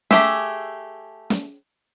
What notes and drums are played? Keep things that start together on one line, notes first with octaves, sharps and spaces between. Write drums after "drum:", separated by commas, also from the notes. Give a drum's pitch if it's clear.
A3 G4 G#4 E5, drum: snare
drum: snare